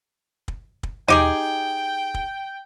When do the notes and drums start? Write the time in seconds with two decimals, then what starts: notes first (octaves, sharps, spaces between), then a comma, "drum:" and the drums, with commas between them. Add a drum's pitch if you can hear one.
0.48 drum: kick
0.83 drum: kick
1.08 D#4 G4 G#4 G5, drum: tom D#2
2.14 drum: kick